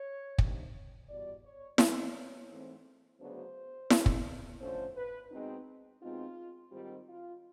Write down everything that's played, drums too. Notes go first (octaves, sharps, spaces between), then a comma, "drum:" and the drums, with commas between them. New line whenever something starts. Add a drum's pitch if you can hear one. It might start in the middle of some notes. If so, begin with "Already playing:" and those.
Already playing: C#5
C3 D#3 G3 A#3 D4, drum: kick
E2 B2 G3 D5
C#5
A2 E3 G#3 C4 D#4 C#5, drum: snare E4
G#2 E3 A3 C4
D2 C#3 F#3 B3 D4 C5
B2 G#3 C#4, drum: snare E4
drum: kick
D3 F3 A3 C#4 C5
B4
B2 G#3 C4 D#4
B2 G#3 C4 D#4 F4
G#2 D#3 G3 C4 D#4 F4
F4